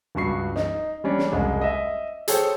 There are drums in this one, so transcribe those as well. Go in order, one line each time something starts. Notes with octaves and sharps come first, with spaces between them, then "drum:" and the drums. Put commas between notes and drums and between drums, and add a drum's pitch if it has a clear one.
C#2 G2 F#4 C#6 C7
D#4, drum: snare
G3 C#4 D4
drum: snare
F#1 C2 G#3
D#5 E5
G#4 A4 C5 C#5 G5, drum: hi-hat